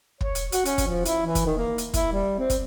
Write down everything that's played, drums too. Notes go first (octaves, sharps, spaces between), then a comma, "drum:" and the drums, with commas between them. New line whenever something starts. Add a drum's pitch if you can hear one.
C#5, drum: kick
drum: hi-hat
F#4, drum: hi-hat
C#4, drum: hi-hat
drum: kick, hi-hat
F3
E4, drum: hi-hat
E3
drum: kick, hi-hat
D#3
A#3
drum: hi-hat
E4, drum: kick, hi-hat
G3
C4
drum: kick, hi-hat